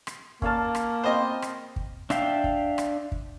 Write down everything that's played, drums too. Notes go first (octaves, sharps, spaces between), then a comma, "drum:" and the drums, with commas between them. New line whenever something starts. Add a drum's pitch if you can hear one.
drum: rim click
A#3 C#4 F5 A5, drum: kick
drum: rim click
B3 C4 C5 D#5
drum: rim click
drum: kick
D4 E5 F5 G5, drum: rim click
drum: kick
drum: rim click
drum: kick